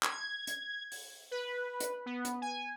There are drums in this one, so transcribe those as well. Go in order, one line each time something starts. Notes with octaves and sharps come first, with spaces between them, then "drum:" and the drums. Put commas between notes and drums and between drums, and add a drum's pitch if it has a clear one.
G#6, drum: clap
drum: hi-hat
drum: open hi-hat
B4
drum: hi-hat
B3
drum: hi-hat
G#5